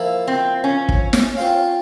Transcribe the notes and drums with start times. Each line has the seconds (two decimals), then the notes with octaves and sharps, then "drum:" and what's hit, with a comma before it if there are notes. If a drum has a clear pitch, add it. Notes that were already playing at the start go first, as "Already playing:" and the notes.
Already playing: F3 A#3 E4
0.27 C4
0.64 C#4
0.89 drum: kick
1.13 drum: snare
1.37 C4 F4 C5 F5